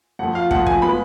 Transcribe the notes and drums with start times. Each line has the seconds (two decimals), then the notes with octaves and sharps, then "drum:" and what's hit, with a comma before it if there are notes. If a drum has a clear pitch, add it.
0.19 F2 F3 A3 F#5
0.35 F5
0.51 F2 F3 A3 F#5, drum: kick
0.67 G#5, drum: kick
0.82 F3 G#3 B3 B5